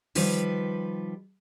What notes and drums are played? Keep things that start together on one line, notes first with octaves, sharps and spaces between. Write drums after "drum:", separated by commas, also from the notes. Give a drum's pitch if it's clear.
D#3 F3 G3 B4, drum: open hi-hat